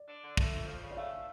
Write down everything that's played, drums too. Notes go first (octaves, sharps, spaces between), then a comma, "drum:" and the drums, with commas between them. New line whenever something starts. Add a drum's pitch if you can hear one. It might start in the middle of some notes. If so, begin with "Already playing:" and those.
Already playing: D5
D4
D3
A3, drum: kick
F2
F3
C#3
D5
A3 F5